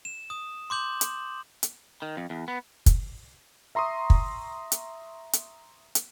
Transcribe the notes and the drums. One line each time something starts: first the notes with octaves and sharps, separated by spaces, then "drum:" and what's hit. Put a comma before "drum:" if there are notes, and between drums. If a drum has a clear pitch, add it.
E7
D#6
C6 D6 G6 F#7
drum: hi-hat
drum: hi-hat
D#3
F2
E2
B3
drum: kick, hi-hat
E5 A#5 C6 C#6 D#6
drum: kick
drum: hi-hat
drum: hi-hat
drum: hi-hat